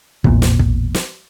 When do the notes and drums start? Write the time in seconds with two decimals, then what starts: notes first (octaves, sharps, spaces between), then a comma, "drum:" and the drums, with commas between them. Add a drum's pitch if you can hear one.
0.24 E1 A1 E2 A#2, drum: kick
0.42 drum: snare
0.59 drum: kick
0.94 drum: snare